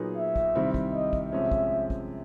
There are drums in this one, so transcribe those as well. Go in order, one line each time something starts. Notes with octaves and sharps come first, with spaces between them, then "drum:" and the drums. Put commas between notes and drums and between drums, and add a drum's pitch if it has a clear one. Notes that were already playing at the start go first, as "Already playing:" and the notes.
Already playing: A#2 F#3 B3 D#4 G#4
E5
drum: kick
C3 D#3 G3 C4 E4
drum: kick
D#5
drum: kick
C3 F3 G#3 C#4 E5
drum: kick
drum: kick